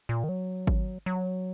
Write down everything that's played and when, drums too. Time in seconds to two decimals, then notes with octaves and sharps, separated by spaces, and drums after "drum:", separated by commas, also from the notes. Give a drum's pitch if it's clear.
0.09 A#2
0.24 D#3
0.29 F#3
0.67 drum: kick G#1
1.06 F#3